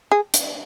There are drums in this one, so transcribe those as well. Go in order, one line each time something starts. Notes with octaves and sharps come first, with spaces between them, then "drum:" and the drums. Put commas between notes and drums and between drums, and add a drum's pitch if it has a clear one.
G#4
drum: hi-hat